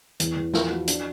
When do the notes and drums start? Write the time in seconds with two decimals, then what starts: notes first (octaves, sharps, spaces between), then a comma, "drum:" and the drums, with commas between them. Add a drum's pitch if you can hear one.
0.20 E2, drum: hi-hat
0.37 E2
0.54 F3, drum: snare
0.70 F#4
0.88 D4, drum: hi-hat